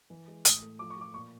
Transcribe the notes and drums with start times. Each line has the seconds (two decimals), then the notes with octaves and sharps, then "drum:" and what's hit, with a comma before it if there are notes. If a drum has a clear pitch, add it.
0.10 E3
0.28 G#3
0.45 A2 D#6, drum: hi-hat
0.62 A3
0.79 F3 D6
0.90 C#6
0.96 F3 D6
1.14 A#2 C#6